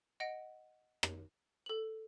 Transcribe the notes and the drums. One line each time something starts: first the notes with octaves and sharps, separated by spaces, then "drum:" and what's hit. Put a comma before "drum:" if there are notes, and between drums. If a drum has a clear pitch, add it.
D#5 F#5 A#6 D7
drum: rim click
A4 F#7